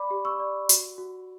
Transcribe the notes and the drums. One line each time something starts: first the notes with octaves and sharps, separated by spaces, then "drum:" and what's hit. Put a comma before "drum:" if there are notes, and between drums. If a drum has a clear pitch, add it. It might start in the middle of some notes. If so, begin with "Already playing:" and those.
Already playing: D5 B5 D6
G4
C#6 E6
D5
F#4, drum: hi-hat
F#4